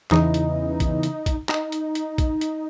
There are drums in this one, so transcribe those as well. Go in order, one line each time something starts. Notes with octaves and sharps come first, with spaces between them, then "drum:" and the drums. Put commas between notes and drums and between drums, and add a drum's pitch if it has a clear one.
E2 C#3 E3 D#4, drum: clap
drum: hi-hat
drum: kick, hi-hat
drum: hi-hat
drum: kick, hi-hat
D#4, drum: clap
drum: hi-hat
drum: hi-hat
drum: kick, hi-hat
drum: hi-hat